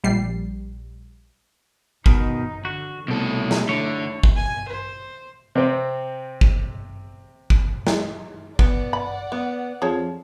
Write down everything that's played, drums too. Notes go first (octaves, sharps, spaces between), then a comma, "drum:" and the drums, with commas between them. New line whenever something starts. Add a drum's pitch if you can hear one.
A#1 G3 C7
B2 D#3 D#4, drum: kick
D3 F#4
C2 B2 A3 E4 A4
drum: snare
D3 C#5
drum: kick
G#5
C5
C3 C4
drum: kick
drum: kick
drum: snare
B3 D5 F#5, drum: kick
B5
B3
F2 F3 G#4 C#5